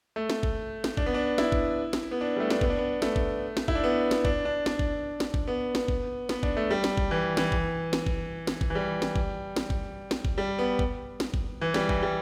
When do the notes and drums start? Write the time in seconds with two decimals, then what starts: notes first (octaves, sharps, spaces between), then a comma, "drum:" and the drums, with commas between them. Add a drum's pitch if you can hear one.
0.16 A3
0.30 drum: snare
0.43 drum: kick G1
0.84 drum: snare
0.97 D4, drum: kick G1
1.06 B3
1.14 D4
1.38 E4, drum: snare
1.52 drum: kick G1
1.93 drum: snare
2.11 B3
2.21 D4
2.37 G3
2.40 A3
2.50 D4, drum: snare
2.61 B3, drum: kick G1
2.70 D4
2.78 B3
3.02 A3, drum: snare
3.16 drum: kick G1
3.57 drum: snare
3.68 E4, drum: kick G1
3.75 D4
3.84 B3
4.11 drum: snare
4.25 D4, drum: kick G1
4.45 D4
4.66 D4, drum: snare
4.79 drum: kick G1
5.20 drum: snare
5.34 drum: kick G1
5.48 B3
5.75 drum: snare
5.88 drum: kick G1
6.29 B3, drum: snare
6.43 D4, drum: kick G1
6.57 A3
6.70 G3
6.84 drum: snare
6.97 drum: kick G1
7.11 E3
7.37 E3, drum: snare
7.52 drum: kick G1
7.93 drum: snare
8.07 drum: kick G1
8.47 drum: snare
8.61 drum: kick G1
8.70 E3
8.75 G3
9.02 drum: snare
9.16 drum: kick G1
9.56 drum: snare
9.70 drum: kick G1
10.11 drum: snare
10.25 drum: kick G1
10.38 G3
10.59 B3
10.79 drum: kick G1
11.20 drum: snare
11.34 drum: kick G1
11.61 E3
11.74 G3, drum: snare
11.89 E3, drum: kick G1
12.03 G3